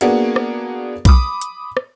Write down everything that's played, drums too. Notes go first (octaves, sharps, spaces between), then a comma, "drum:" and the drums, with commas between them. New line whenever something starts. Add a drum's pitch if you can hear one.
A#3 B3 D4 F#4 G#4, drum: hi-hat
drum: rim click
B5 D6 D#6, drum: kick B1, hi-hat
drum: hi-hat
drum: rim click